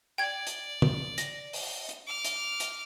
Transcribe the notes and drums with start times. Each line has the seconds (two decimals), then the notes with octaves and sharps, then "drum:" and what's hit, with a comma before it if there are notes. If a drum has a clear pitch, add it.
0.18 D5 G5 G#6
0.47 drum: hi-hat
0.82 drum: tom
1.18 A#6, drum: hi-hat
1.53 drum: open hi-hat
1.89 drum: hi-hat
2.07 D6 F6
2.24 drum: hi-hat
2.60 drum: hi-hat